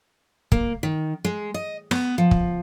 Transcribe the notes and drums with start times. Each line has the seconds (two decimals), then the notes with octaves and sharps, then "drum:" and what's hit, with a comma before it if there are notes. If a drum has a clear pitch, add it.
0.52 A#3, drum: kick
0.83 D#3
1.25 G#3
1.54 D#5
1.91 B3, drum: rim click
2.18 F3
2.31 drum: kick